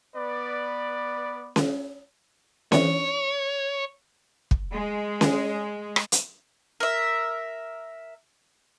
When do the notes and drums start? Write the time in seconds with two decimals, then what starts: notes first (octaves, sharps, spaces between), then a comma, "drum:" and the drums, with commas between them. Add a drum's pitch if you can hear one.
0.15 B3 B4 D5
1.56 drum: snare C#4
2.72 E3 C4 D4 C#5, drum: snare C#4
4.51 drum: kick
4.72 G#3
5.21 drum: snare C#4
5.96 drum: rim click
6.12 drum: hi-hat
6.80 A#4 E5